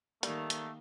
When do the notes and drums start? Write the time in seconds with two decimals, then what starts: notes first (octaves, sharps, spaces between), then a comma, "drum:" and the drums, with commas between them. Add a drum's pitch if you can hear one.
0.23 D#3 G3 A3 A#3, drum: hi-hat
0.50 drum: hi-hat